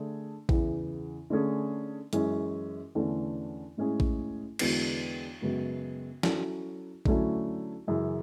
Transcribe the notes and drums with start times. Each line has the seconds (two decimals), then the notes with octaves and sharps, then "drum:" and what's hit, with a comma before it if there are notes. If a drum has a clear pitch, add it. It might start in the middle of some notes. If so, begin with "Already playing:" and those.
Already playing: D3 A3 D4 G#4
0.49 E2 C#3 E3, drum: kick A1
1.30 D3 A3 C#4 G#4
2.13 F#2 E3 G#3 C#4 G#4, drum: hi-hat
2.95 E2 D3 A3 C#4
3.77 A2 G#3 C#4 E4 G#4
4.00 drum: kick A1
4.59 E2 D3 G#3 B3 F#4, drum: cymbal
5.41 F#2 C#3 G#3 B3 F#4
6.23 F#3 C#4 E4 A4, drum: snare
7.05 D3 F#3 A3 C#4 E4, drum: kick A1
7.87 F#2 C#3 E3